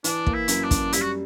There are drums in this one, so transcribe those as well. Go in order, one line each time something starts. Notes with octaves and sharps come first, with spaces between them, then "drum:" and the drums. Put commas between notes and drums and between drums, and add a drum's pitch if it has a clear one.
E3 D4, drum: hi-hat
A#3, drum: kick
E4
F#2, drum: hi-hat
D4
F#2, drum: kick, hi-hat
G3 E4, drum: hi-hat
F#4